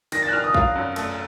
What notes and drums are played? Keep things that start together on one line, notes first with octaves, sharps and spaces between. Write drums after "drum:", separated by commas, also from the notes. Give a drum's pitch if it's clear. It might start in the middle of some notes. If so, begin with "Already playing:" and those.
D#3 A#6, drum: cymbal
A6
F#6
D#3 F6
D#6
F#3 F5, drum: kick
F#2
A3, drum: cymbal